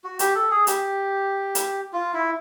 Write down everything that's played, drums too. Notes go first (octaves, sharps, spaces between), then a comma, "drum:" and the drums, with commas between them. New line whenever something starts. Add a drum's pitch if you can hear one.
F#4
G4, drum: hi-hat
A4
G#4
G4, drum: hi-hat
drum: hi-hat
F4
E4